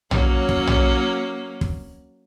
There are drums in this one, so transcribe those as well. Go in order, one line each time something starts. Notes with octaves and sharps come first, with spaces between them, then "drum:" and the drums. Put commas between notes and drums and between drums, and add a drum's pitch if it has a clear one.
F#3 A#3 C#4, drum: tom
drum: kick
drum: tom
drum: kick